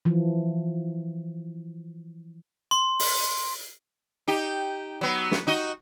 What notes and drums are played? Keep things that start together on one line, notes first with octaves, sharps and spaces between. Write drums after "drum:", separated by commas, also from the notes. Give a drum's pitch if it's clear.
E3 F3
C6
drum: open hi-hat
D#4 G4
F#3 B3
drum: snare
D#4 F#4 D#5